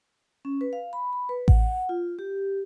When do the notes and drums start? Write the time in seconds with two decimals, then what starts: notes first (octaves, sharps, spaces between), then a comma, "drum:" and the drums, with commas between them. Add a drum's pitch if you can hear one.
0.45 C#4
0.61 B4
0.73 F5
0.93 B5
1.13 B5
1.29 B4
1.48 F#5, drum: kick A1
1.89 F4
2.19 G4